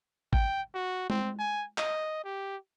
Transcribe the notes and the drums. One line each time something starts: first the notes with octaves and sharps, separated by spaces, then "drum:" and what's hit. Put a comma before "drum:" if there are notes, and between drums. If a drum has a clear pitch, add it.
G5, drum: kick G#1
F#4
C4, drum: tom G#3
G#5
D#5, drum: clap
G4